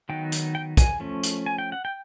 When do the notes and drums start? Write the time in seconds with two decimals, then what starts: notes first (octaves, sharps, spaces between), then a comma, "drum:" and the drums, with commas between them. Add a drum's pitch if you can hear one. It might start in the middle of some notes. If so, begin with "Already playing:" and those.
0.09 D#3 F#3 B3 D#4 G5
0.32 drum: hi-hat
0.55 G5
0.77 G#5, drum: kick, hi-hat
1.00 F3 A3 C#4
1.23 drum: hi-hat
1.46 G#5
1.58 G5
1.72 F#5
1.85 G5